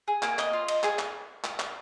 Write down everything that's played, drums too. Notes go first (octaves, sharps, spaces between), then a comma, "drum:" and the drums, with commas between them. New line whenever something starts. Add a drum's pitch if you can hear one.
G#4
A#3, drum: clap
D#5, drum: clap
F4
D#5, drum: cymbal
G#4, drum: clap
drum: clap
drum: clap
drum: clap